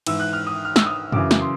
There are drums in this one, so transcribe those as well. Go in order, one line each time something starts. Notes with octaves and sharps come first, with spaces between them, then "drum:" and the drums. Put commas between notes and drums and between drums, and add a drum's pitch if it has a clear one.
G#2 E3 E6, drum: cymbal
F#6
F6
D#6
F6
E6, drum: snare
D#6
F#2 C#3 E3 D6, drum: tom
drum: snare
C6